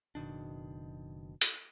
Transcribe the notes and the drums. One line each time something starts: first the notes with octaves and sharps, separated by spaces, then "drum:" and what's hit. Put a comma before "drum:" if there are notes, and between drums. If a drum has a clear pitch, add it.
F#1 B2 D#3 D4
drum: hi-hat